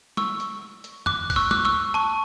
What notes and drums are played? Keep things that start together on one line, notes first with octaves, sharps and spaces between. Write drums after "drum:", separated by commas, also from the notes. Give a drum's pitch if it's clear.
C#6 E6, drum: snare
drum: hi-hat
drum: hi-hat
D6 F#6, drum: tom F2
F#6, drum: kick B1, open hi-hat
C#6 E6
D6 F#6, drum: snare
C#6 E6
A5 C#6